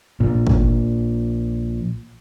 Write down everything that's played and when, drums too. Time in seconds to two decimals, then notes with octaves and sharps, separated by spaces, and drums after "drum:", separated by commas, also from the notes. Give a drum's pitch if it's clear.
0.20 A#1 A#2
0.47 drum: kick